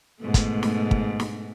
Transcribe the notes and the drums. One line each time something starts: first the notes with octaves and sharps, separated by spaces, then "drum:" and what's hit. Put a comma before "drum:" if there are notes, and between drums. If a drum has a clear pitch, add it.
G#2 B2 A3
drum: kick, hi-hat
drum: snare
drum: kick
drum: snare